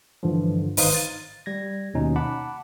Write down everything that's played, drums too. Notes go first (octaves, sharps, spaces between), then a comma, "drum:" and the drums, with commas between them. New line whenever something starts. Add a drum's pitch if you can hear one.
G2 D3 E3 F3
G#1 D#4 B4 C5 F5 D#6, drum: open hi-hat
A6
G3 G#6 A#6
D#2 B2 C#4 D#4
F#5 A5 B5 D6